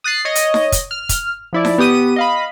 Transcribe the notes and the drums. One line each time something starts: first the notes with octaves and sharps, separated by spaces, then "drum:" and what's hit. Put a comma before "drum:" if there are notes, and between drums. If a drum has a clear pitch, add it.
D#6 F#6 A6 C7
C#5 D#5
drum: hi-hat
drum: snare D#4
drum: kick, hi-hat
F6
drum: kick, hi-hat
F3 E4 D5
drum: snare D#4
B3 G4 D#6 D#7
D#5 F5 B5